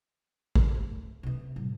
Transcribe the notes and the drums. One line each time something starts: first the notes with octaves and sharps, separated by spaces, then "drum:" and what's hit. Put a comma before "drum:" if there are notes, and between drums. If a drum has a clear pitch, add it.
drum: kick
A3
C3 B3
A2 G3